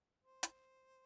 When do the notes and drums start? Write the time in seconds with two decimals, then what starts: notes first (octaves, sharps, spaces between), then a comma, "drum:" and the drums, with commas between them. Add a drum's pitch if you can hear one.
0.24 C5
0.43 drum: hi-hat